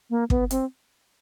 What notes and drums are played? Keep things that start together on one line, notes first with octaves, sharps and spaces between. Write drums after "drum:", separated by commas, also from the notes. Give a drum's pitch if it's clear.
A#3
B3, drum: kick
C4, drum: hi-hat